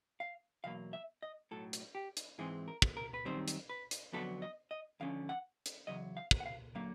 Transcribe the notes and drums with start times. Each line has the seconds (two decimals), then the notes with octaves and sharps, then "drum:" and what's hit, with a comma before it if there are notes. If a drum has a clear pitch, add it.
0.20 F5
0.64 E2 B2 F#3 A#3 F5
0.93 E5
1.22 D#5
1.51 B1 A2 F#3 A4
1.73 drum: hi-hat
1.95 G4
2.17 drum: hi-hat
2.38 G#2 E3 G#3 C4 G#4
2.68 A#4
2.82 drum: kick
2.97 A#4
3.14 B4
3.25 F#2 D#3 G3 C4 C5
3.48 drum: hi-hat
3.69 B4
3.91 drum: hi-hat
4.12 F2 D3 F#3 B3 A4
4.42 D#5
4.71 D#5
5.00 D2 D3 F3 C#4 F5
5.29 F#5
5.66 drum: hi-hat
5.87 E2 C#3 F#3 D#5
6.17 F5
6.31 drum: kick
6.40 F#5
6.46 F5
6.75 D3 F#3 A#3 F5